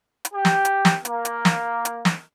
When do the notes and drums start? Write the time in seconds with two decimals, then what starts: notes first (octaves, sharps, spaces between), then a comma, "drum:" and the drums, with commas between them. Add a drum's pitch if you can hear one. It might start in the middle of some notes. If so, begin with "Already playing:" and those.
0.25 drum: hi-hat
0.34 G4
0.45 drum: snare
0.65 drum: hi-hat
0.85 drum: snare
1.05 A#3, drum: hi-hat
1.25 drum: hi-hat
1.45 drum: snare
1.85 drum: hi-hat
2.05 drum: snare